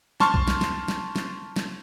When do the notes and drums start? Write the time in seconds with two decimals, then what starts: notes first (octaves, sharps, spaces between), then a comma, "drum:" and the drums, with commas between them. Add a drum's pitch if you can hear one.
0.20 A5 C6 C#6 F6, drum: snare
0.34 drum: kick
0.48 drum: snare
0.61 drum: snare
0.88 drum: snare
1.16 drum: snare
1.56 drum: snare